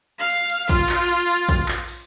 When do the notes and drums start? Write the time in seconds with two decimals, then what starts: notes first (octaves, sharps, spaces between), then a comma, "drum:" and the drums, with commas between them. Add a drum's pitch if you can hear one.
0.18 F5
0.30 drum: cymbal
0.50 drum: cymbal
0.69 F4, drum: kick A#1, cymbal
0.89 drum: clap
1.09 drum: cymbal
1.29 drum: cymbal
1.49 drum: kick A#1, cymbal
1.68 drum: clap
1.88 drum: cymbal